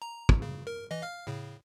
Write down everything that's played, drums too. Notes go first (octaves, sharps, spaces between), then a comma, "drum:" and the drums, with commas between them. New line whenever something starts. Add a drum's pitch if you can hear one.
A#5
drum: kick
C#3
A#4
E3 D#5
F5 F6
A2 C#3